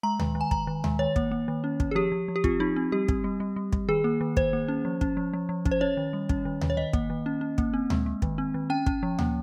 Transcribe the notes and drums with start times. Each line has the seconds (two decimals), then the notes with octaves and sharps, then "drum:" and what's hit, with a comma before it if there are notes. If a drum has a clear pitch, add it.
0.03 G#3 A#5
0.20 D#3, drum: tom D2
0.35 D#3
0.41 G#5
0.51 D#3 A#5, drum: kick
0.67 D#3
0.84 G#3, drum: tom D2
0.99 D#3 C#5
1.16 A#3, drum: kick
1.31 A#3
1.48 D#3
1.64 C#4
1.80 C#4, drum: kick
1.91 G#4
1.95 F3 G4
2.12 F3
2.28 F3
2.36 G4
2.44 C4 F4, drum: kick
2.60 F3 D#4
2.76 C4
2.92 G3 G4
3.08 C4, drum: kick
3.24 G3
3.40 G3
3.56 G3
3.73 G3, drum: kick
3.88 D#3 G#4
4.04 A#3
4.21 D#3
4.37 D#3 C5, drum: kick
4.53 A#3
4.68 C#4
4.85 F3
5.01 C#4, drum: kick
5.17 F3
5.33 F3
5.49 F3
5.66 C#4, drum: kick
5.71 C5
5.81 C#4 C#5
5.97 D#3
6.13 G3
6.29 C#4, drum: kick
6.45 D#3
6.61 D#3, drum: tom D2
6.70 C#5
6.77 D#3 D#5
6.93 A#3, drum: kick
7.10 D#3
7.26 C#4
7.41 C#4
7.58 A#3, drum: kick
7.74 C4
7.90 G#3, drum: tom D2
8.06 G#3
8.22 D#3, drum: kick
8.38 C4
8.54 D#3
8.70 C#4 G5
8.86 C#4, drum: kick
9.03 F3
9.19 A#3, drum: tom D2